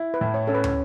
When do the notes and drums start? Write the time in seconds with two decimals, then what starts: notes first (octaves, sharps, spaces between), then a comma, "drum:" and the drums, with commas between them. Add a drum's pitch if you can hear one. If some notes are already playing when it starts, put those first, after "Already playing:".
Already playing: E4
0.14 B4
0.21 A2
0.34 C#5
0.47 C#4 A4
0.54 B4
0.64 drum: tom